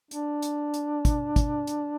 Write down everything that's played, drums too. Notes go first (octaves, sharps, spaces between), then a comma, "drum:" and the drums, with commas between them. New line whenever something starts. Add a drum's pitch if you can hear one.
D4, drum: hi-hat
drum: hi-hat
drum: hi-hat
drum: kick, hi-hat
drum: kick, hi-hat
drum: hi-hat